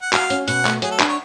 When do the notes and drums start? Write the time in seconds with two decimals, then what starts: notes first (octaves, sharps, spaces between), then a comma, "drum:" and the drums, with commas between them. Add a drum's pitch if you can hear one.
0.02 F#5
0.13 F#4 F5, drum: clap
0.30 C#4, drum: hi-hat
0.48 B2 F#5, drum: hi-hat
0.65 A3, drum: clap
0.82 F#3 G#4, drum: hi-hat
0.91 A4
0.99 D4 B4, drum: clap
1.08 C#5